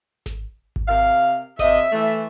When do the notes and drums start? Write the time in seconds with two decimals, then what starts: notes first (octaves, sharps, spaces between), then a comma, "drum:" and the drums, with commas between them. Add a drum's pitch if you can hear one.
0.26 drum: snare G#1
0.76 drum: kick G#1
0.88 C3 A#4 F5
1.59 C3 C4 D#5 E5, drum: snare G#1
1.92 E3 A3